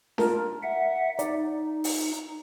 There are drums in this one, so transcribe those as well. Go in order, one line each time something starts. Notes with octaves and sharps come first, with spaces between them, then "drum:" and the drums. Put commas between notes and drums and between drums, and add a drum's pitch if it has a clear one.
F4 A#4 A5, drum: snare D4
E5 F#5
D#4 D5, drum: hi-hat
drum: open hi-hat